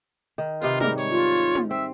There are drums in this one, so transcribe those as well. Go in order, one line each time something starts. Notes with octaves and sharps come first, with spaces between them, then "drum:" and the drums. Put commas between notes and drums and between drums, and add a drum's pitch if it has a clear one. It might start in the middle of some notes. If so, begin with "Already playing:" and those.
D#3
C3 D#4 F4 B4, drum: tambourine
G#2 G3 A#4, drum: tom
C#5, drum: tambourine
F4
drum: tambourine
drum: tom
C4 E5